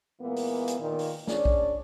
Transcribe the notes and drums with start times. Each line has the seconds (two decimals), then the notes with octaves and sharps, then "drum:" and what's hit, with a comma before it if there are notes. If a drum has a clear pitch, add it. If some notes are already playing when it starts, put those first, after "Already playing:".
0.21 A#2 E3 G#3 A#3 B3
0.36 drum: open hi-hat
0.67 drum: hi-hat
0.79 A#2 D#3
0.99 drum: open hi-hat
1.28 C#4 D4 G#4 D5, drum: snare
1.45 drum: kick B1